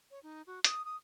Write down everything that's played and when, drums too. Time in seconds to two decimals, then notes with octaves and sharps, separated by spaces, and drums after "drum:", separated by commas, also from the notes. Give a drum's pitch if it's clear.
0.11 C#5
0.23 D#4
0.47 F#4
0.64 D#6, drum: hi-hat
0.85 D#6